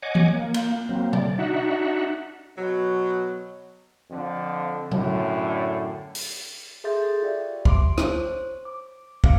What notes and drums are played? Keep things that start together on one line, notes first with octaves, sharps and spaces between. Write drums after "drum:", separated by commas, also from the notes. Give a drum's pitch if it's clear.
C#5 D#5 F#5 G#5 D6
drum: tom E3
A#3
drum: cymbal
F#3 A#3 C4
D5, drum: tom B2
D4 D#4 F#4 E5 F#5
B2 F#3
F2 D3 F3
F#2 A2 D3, drum: tom B2
drum: open hi-hat
G#4 A4 E5 C6 G6 A6
F4 G4 D5 E5
C6 D6 D7, drum: kick
C5 C#5, drum: rim click
D6
B3 F5 D6 C#7 D7, drum: kick